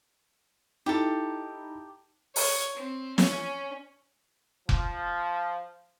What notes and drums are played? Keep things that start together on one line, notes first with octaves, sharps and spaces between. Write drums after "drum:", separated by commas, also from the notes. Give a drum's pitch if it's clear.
D#4 E4 G4 A4
C#5, drum: open hi-hat
C4
C#4, drum: snare
F3, drum: kick F1